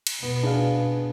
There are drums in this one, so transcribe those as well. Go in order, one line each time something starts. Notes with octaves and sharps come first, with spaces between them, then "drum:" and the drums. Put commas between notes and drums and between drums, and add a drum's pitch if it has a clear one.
drum: cymbal
B2 B3
D4 G#4 B4 F5